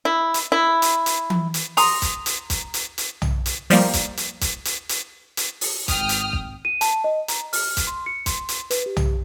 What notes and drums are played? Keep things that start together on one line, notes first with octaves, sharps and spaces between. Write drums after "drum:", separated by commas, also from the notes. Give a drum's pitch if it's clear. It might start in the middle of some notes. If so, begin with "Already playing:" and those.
E4
drum: hi-hat
E4
drum: hi-hat
drum: hi-hat
drum: tom E3
drum: hi-hat
A#5 C6 D#6, drum: open hi-hat
drum: kick, hi-hat
drum: hi-hat
drum: kick, hi-hat
drum: hi-hat
drum: hi-hat
drum: tom
drum: hi-hat
F3 G3 A#3, drum: open hi-hat
drum: kick, hi-hat
drum: hi-hat
drum: kick, hi-hat
drum: hi-hat
drum: hi-hat
drum: hi-hat
drum: open hi-hat
G#1 G5 D#6 F6, drum: kick, hi-hat
drum: hi-hat
drum: kick
D#7
A5, drum: hi-hat
D#5
A#5, drum: hi-hat
F6, drum: open hi-hat
drum: kick, hi-hat
C6
C#7
C6, drum: kick, hi-hat
drum: hi-hat
B4, drum: hi-hat
G4
drum: tom